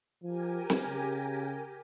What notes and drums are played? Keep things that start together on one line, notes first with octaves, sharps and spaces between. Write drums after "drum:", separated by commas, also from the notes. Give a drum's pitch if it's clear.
F3 G4 A#4 G#5
drum: snare
C#3